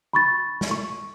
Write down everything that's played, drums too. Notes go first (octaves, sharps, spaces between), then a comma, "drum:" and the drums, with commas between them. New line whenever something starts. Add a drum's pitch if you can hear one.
B5 C#6 A6
drum: snare
C#6